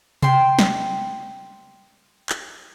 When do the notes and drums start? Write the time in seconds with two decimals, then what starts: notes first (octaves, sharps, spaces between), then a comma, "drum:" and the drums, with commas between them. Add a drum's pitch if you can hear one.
0.22 G5 C6, drum: tom C3
0.59 drum: snare
2.29 drum: clap